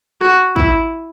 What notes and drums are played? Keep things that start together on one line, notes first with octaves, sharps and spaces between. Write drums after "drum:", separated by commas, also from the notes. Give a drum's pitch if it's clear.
F#4, drum: rim click
E4, drum: kick